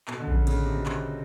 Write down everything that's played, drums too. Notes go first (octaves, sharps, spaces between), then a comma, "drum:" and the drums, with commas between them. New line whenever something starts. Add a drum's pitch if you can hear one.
B2, drum: clap
D3
C#3, drum: kick A#1
C#3, drum: cymbal
C3
B2
C3, drum: clap